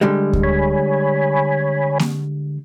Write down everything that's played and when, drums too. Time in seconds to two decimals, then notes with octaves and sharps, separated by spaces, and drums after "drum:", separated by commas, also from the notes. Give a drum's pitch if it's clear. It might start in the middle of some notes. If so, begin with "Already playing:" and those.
0.01 D3 G3 G#3
0.33 drum: kick D2
0.43 C#5 G#5 B5
1.99 drum: snare A#3